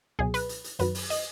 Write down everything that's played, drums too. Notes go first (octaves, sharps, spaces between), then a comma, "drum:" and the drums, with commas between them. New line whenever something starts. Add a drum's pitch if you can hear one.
C#2 B2 F#3 G#4
B4, drum: hi-hat
drum: hi-hat
drum: hi-hat
F#2 D#3 F#3 B4, drum: hi-hat
drum: open hi-hat
D#5, drum: hi-hat